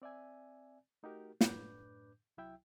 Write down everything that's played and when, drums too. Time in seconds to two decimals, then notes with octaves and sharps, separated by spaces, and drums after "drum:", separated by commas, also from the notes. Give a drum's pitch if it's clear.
0.02 C4 D5 E5 G#5
1.03 A3 D#4 F#4 G4 A#4
1.41 F#2 A2 D4 B4 D6 G6, drum: snare
2.37 C2 F#3 E4 E5 G5